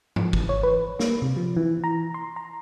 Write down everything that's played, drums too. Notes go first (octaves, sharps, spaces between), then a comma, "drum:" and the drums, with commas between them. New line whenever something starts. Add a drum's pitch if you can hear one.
F3, drum: tom G#2
E3, drum: kick
C#5
B4
A#3, drum: snare
C3
F3
E3
A#5
C6
A#5